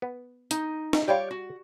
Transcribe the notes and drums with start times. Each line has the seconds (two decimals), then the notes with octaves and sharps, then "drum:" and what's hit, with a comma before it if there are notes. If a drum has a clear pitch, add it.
0.02 B3
0.51 D#4, drum: hi-hat
0.93 drum: snare
1.08 G3 F4 G4 C#5 D5
1.31 F#4